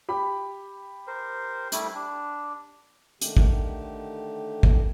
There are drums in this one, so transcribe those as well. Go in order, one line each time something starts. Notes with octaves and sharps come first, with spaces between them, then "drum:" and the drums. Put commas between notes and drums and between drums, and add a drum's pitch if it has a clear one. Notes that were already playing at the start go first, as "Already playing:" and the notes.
G4 B5
A#4 C5
G3 A3 E4, drum: hi-hat
D4
D3 D#3 A3 G4, drum: hi-hat
drum: kick
drum: kick